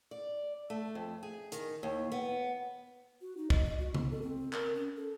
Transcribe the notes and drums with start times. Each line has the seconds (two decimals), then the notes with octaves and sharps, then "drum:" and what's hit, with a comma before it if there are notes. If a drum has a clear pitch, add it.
0.11 D5
0.70 A3
0.95 F2
1.23 G#4
1.52 D#3, drum: hi-hat
1.83 D#2
2.12 B3
3.21 F#4
3.37 D#4
3.50 D#5, drum: kick
3.65 D#5
3.79 F#4
3.95 B3, drum: tom C3
4.11 A4
4.22 C4
4.53 A#4, drum: clap
4.75 C#4
4.96 A4